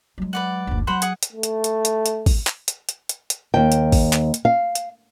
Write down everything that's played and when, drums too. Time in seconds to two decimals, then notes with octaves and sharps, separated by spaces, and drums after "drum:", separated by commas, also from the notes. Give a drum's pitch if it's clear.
0.18 F#3 G#3
0.33 B4 D5 F#5
0.67 F#1 D2
0.87 F#3 C5 F#5 B5
1.02 G#4 F#5 D#6, drum: hi-hat
1.23 drum: hi-hat
1.32 A3
1.43 drum: hi-hat
1.64 drum: hi-hat
1.85 drum: hi-hat
2.06 drum: hi-hat
2.26 drum: kick, open hi-hat
2.47 drum: clap
2.68 drum: hi-hat
2.89 drum: hi-hat
3.09 drum: hi-hat
3.30 drum: hi-hat
3.54 D#2 G5
3.72 drum: hi-hat
3.92 drum: kick, open hi-hat
4.13 drum: clap
4.34 drum: hi-hat
4.45 F5
4.75 drum: hi-hat